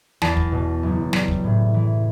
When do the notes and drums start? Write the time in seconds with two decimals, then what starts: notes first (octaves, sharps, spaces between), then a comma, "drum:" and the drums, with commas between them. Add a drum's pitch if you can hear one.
0.22 E2 A5, drum: snare
0.37 drum: kick
0.52 B2
0.83 F#1
1.13 G3, drum: snare
1.28 drum: kick
1.44 A2
1.74 E3